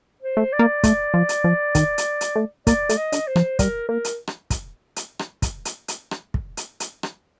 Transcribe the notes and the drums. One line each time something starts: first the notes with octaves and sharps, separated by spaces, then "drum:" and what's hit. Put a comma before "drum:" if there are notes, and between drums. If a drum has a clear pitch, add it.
C5
A3
D5
A#3
A3, drum: kick, hi-hat
F3
drum: hi-hat
F3
D#3, drum: kick, hi-hat
drum: hi-hat
drum: hi-hat
A3
A#3 D5, drum: kick, hi-hat
A3, drum: hi-hat
D#5
D3, drum: hi-hat
C5
F3, drum: rim click
G3 A#4, drum: kick, hi-hat
A#3 A#4
drum: hi-hat
drum: rim click
drum: kick, hi-hat
drum: hi-hat
drum: rim click
drum: kick, hi-hat
drum: hi-hat
drum: hi-hat
drum: rim click
drum: kick
drum: hi-hat
drum: hi-hat
drum: rim click